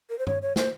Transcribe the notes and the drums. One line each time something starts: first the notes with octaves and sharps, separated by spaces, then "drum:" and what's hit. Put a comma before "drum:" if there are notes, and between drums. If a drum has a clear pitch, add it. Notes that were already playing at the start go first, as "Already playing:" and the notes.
A#4
C5
C#5, drum: tom G2
C#5
C5, drum: snare